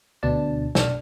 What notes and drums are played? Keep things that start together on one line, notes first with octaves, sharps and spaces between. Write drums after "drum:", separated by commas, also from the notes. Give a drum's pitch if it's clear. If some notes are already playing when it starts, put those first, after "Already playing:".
D2 B2 D4 A5
B1 D4 F6, drum: snare